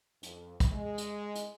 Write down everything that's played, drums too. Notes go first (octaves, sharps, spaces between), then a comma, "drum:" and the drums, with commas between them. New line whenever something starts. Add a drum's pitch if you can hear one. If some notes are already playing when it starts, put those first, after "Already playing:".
F2, drum: hi-hat
drum: kick, hi-hat
G#3
drum: hi-hat
drum: hi-hat